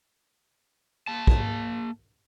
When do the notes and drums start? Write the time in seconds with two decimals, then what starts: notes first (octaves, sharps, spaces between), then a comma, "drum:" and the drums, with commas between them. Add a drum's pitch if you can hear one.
1.08 A#3 A5
1.27 drum: kick